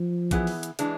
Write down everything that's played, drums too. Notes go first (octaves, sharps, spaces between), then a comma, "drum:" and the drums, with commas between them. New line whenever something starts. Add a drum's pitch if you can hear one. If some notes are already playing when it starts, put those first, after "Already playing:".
Already playing: F3
E3 B3 E4 G#4, drum: kick, hi-hat
drum: open hi-hat
drum: hi-hat
E3 G#3 D4, drum: hi-hat